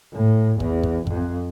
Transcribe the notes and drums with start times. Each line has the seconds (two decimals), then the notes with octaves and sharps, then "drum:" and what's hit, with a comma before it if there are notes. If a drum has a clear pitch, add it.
0.13 A2
0.60 E2, drum: kick
0.83 drum: kick
1.07 F2, drum: kick